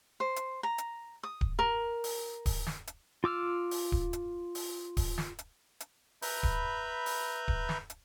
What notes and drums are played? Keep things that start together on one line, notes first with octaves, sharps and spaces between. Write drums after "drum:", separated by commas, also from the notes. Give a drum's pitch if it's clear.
C5
drum: hi-hat
A#5
drum: hi-hat
D#6
drum: kick D1
A#4
drum: open hi-hat
drum: kick D1, open hi-hat
drum: snare
drum: hi-hat
F4 D6 E6 F6
drum: open hi-hat
drum: kick D1
drum: hi-hat
drum: open hi-hat
drum: kick D1, open hi-hat
drum: snare
drum: hi-hat
drum: hi-hat
B4 E5 A#5 B5 G6, drum: open hi-hat
drum: kick D1
drum: open hi-hat
drum: kick D1
drum: snare
drum: hi-hat